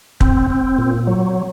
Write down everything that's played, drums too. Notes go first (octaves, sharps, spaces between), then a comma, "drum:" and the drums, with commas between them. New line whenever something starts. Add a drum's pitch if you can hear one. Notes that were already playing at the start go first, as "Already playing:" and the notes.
C4, drum: kick
C4
A#2
F#3